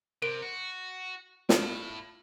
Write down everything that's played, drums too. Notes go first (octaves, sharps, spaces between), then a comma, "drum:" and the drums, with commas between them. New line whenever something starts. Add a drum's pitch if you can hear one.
C3 A#4 D7
F#4
A2 E4 F4, drum: snare